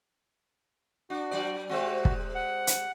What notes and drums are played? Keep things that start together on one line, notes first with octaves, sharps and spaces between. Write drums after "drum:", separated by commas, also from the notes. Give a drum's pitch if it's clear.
D4 F#4
F#3 D4 D5
C3 G#3 C4 F#4
drum: kick
F#5
drum: hi-hat